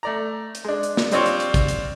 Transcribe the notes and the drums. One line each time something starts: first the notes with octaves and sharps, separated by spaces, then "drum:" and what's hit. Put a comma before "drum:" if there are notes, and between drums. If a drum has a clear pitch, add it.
A3 D5 A#5
drum: hi-hat
G#3 D4
drum: hi-hat
drum: snare
G3 C4 D4 F4 C#5, drum: hi-hat
drum: hi-hat
drum: hi-hat
drum: kick, hi-hat
drum: hi-hat